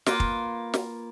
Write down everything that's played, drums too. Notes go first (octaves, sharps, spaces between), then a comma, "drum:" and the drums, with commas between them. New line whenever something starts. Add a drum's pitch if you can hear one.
A#3 F4 B4, drum: snare
drum: kick
drum: snare